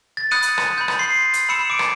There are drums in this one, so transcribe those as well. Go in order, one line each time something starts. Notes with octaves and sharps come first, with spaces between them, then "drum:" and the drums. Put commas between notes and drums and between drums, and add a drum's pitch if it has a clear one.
A6
B5 D#6 F#6 G6 C#7 D#7
drum: hi-hat
drum: rim click
B5 G6
drum: rim click
C6 C7
drum: hi-hat
B5 E6 C#7 E7
D6 D7
drum: rim click